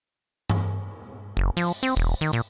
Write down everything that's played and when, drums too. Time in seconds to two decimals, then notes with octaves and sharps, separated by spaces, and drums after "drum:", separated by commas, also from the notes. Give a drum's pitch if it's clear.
0.50 drum: tom G2
1.37 F#1
1.57 F3, drum: open hi-hat
1.83 C4
1.97 E1
2.21 D#3
2.33 A#2